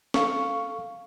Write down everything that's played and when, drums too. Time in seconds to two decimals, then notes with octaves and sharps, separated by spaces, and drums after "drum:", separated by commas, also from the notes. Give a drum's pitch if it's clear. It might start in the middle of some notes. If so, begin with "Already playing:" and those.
0.14 A4 F5 C#6, drum: snare